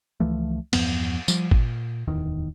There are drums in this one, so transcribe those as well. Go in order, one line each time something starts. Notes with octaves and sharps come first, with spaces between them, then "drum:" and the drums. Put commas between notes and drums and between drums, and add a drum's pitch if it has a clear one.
C#2 E3 F3 A3
E2 G2 F3 B3, drum: cymbal
F3 G3, drum: tambourine
A#2, drum: kick G#1
D1 E2 D#3